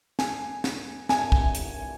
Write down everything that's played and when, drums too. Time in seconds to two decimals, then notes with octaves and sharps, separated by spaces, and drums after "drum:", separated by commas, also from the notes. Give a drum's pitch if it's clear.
0.19 G#5, drum: snare
0.64 drum: snare
1.09 G#5, drum: snare
1.32 drum: kick
1.55 drum: hi-hat